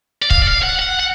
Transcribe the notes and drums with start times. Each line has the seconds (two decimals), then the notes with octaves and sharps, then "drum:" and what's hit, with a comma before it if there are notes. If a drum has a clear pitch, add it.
0.22 D5
0.30 F5, drum: kick C#1
0.42 D5
0.47 F5
0.63 F#5
0.79 F#5
1.00 F#5